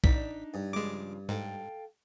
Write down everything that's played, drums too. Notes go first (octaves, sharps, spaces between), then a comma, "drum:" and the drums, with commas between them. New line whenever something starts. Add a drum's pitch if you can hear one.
A1 D4 D#4 B6, drum: kick B1
G2
C#3 F3 G#3 D6
G#2 A4 F5 G5